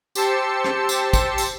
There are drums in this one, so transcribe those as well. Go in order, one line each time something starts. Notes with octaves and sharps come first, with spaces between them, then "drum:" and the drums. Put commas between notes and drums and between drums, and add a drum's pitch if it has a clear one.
G4 C5 A5 C6 E6 C#7, drum: tambourine
drum: rim click
drum: tambourine
drum: kick, tambourine
drum: tambourine